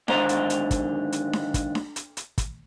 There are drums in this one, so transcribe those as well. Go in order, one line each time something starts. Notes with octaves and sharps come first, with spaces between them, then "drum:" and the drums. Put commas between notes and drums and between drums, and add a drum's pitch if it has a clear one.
D#2 G#2 D3 C5 A#5, drum: snare D4
drum: hi-hat
drum: hi-hat
drum: kick, hi-hat
drum: hi-hat
drum: snare D4
drum: kick, hi-hat
drum: snare D4
drum: hi-hat
drum: hi-hat
drum: kick, hi-hat